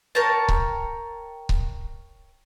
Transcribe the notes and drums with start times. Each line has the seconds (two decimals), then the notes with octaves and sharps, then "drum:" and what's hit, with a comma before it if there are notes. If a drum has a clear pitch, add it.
0.15 A#4 C#5 G5 A5
0.49 drum: kick C#1
1.49 drum: kick C#1